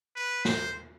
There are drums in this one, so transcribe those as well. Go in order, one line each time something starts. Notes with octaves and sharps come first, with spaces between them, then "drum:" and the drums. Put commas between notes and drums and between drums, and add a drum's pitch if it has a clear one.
B4
C5, drum: snare